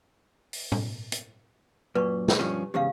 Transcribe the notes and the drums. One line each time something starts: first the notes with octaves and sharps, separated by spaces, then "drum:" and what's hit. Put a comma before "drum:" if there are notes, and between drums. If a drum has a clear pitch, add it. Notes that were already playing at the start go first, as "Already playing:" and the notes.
drum: open hi-hat
drum: tom A2
drum: hi-hat
F#2 A#2 B4 C#6
drum: snare
G2 F3 C#4 G4
E2 G#2 C#3 G4 F5